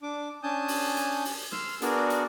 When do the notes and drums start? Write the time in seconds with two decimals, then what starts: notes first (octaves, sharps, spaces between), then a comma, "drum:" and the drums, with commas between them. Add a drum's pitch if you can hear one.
0.03 D4 D6
0.43 C#4 D4 G#5 A5 D#6 G6
0.68 drum: open hi-hat
0.97 drum: hi-hat
1.25 drum: open hi-hat
1.52 C6 E6 F6, drum: snare
1.82 B3 D4 F#4 G#4 A#4 D5, drum: hi-hat
2.10 drum: hi-hat